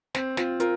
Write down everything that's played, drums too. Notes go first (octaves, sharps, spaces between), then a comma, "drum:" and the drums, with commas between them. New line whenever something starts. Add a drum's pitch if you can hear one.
C4, drum: snare
C4 F4, drum: snare
F4 A#4, drum: hi-hat